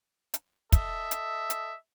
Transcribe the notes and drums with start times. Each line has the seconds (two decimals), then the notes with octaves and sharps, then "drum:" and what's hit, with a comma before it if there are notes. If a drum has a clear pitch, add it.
0.34 drum: hi-hat
0.72 A4 D#5 E5, drum: kick, hi-hat
1.11 drum: hi-hat
1.50 drum: hi-hat